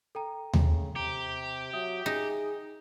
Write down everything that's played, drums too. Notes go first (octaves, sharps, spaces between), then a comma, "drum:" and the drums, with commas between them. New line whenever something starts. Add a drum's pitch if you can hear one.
A4 G5 A#5
C#3, drum: tom D#2
C3 G4 A#5
F#3 E5 D#6
D#4 G#4